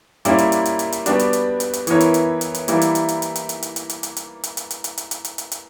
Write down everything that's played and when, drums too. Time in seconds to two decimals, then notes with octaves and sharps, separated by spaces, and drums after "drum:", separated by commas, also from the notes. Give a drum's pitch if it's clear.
0.25 A#2 G3 A#3 C#4 E4, drum: hi-hat
0.38 drum: hi-hat
0.52 drum: hi-hat
0.65 drum: hi-hat
0.79 drum: hi-hat
0.92 drum: hi-hat
1.06 G3 B3 D4 F#4, drum: hi-hat
1.19 drum: hi-hat
1.33 drum: hi-hat
1.60 drum: hi-hat
1.73 drum: hi-hat
1.87 E3 B3 E4 A#4 C#5, drum: hi-hat
2.00 drum: hi-hat
2.14 drum: hi-hat
2.41 drum: hi-hat
2.54 drum: hi-hat
2.68 E3 G3 A#3 E4, drum: hi-hat
2.81 drum: hi-hat
2.95 drum: hi-hat
3.08 drum: hi-hat
3.22 drum: hi-hat
3.35 drum: hi-hat
3.49 drum: hi-hat
3.62 drum: hi-hat
3.76 drum: hi-hat
3.89 drum: hi-hat
4.03 drum: hi-hat
4.16 drum: hi-hat
4.44 drum: hi-hat
4.57 drum: hi-hat
4.71 drum: hi-hat
4.84 drum: hi-hat
4.98 drum: hi-hat
5.11 drum: hi-hat
5.25 drum: hi-hat
5.38 drum: hi-hat
5.52 drum: hi-hat